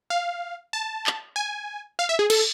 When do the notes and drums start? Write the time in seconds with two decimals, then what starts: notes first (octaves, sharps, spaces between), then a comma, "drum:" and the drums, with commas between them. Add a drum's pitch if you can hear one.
0.10 F5
0.73 A5
1.07 drum: clap
1.36 G#5
1.99 F5
2.09 E5
2.19 G#4
2.30 A4, drum: cymbal